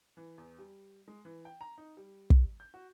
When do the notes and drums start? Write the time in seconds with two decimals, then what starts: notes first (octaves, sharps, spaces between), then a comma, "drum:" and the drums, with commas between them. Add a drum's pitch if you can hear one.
0.17 E3
0.38 E2
0.59 G3
1.08 G#3
1.25 E3
1.45 G5
1.61 A#5
1.78 D#4
1.97 G3
2.30 drum: kick
2.60 G6
2.74 F#4